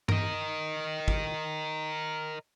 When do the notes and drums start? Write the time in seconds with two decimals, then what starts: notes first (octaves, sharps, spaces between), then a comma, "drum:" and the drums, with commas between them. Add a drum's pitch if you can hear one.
0.09 A#4 D#5, drum: tom G2
1.08 drum: kick